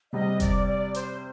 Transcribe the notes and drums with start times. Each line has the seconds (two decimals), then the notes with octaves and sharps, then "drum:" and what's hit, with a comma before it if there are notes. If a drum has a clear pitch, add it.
0.12 C3 G3 C4 D#5
0.40 D5, drum: kick F1, hi-hat
0.67 D5
0.94 C5, drum: hi-hat